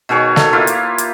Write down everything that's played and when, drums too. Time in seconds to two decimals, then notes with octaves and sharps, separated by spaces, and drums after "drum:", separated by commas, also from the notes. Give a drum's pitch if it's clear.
0.09 B2 D#3 G#4 C#5
0.36 A4, drum: snare
0.53 A#3 E4 F4 G4
0.67 drum: hi-hat
0.98 drum: hi-hat